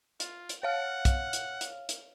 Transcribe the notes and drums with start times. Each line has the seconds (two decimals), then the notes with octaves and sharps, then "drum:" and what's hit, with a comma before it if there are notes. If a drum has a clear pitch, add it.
0.20 F4, drum: hi-hat
0.49 drum: hi-hat
0.63 C#5 F5 F#5 F6
1.05 drum: kick, hi-hat
1.33 drum: hi-hat
1.61 drum: hi-hat
1.89 drum: hi-hat